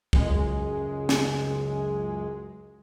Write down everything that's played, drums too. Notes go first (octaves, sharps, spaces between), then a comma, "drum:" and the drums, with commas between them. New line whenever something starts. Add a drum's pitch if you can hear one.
C#2 F#2 G#3, drum: kick C2
drum: snare